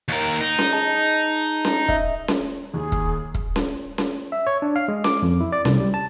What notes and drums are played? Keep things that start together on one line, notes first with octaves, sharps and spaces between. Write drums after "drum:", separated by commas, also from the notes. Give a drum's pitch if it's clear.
D#2 A#4
D#4
drum: snare C#4
G#4 D#5 A5
drum: snare C#4
D#5 E5, drum: kick
drum: snare C#4
D#2 G#4
drum: kick
drum: kick
drum: snare C#4
drum: snare C#4
E5
C#5
D4
F5
G#3
D6, drum: snare C#4
F2
E4
D5
C2, drum: snare C#4
G3
A5